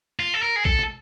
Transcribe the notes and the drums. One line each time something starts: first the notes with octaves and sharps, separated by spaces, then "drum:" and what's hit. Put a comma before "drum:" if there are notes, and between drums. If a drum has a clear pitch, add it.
F4
A4
A#4
G#4
A4, drum: kick
drum: tom